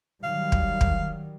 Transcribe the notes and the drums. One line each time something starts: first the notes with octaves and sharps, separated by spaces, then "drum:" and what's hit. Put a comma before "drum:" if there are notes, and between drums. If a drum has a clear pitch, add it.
D#3 F#3 G3 F5
drum: kick
drum: kick